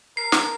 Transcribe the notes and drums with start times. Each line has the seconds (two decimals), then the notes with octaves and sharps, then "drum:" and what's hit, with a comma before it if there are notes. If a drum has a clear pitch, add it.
0.17 A#4 C7
0.32 C7, drum: snare